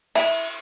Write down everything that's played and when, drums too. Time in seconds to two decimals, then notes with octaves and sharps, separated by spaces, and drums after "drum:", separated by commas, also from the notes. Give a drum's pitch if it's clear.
0.15 E4, drum: cymbal